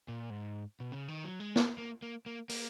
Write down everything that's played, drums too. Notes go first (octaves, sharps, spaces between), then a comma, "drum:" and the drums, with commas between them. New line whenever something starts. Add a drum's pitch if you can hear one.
A#2
G#2
B2
C#3
D#3
F#3
G#3
A#3, drum: snare
A#3
A#3
A#3
A#3, drum: open hi-hat